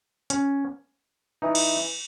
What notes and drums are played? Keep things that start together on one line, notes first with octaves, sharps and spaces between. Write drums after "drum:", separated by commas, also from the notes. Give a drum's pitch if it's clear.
C#4, drum: hi-hat
E3 D#4
drum: cymbal